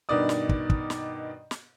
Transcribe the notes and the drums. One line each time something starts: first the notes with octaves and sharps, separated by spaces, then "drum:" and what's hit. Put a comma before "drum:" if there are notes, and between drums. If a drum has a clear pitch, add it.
G2 B2 D#3 B3 D5 D#6
drum: snare
drum: kick
drum: kick
drum: snare
drum: snare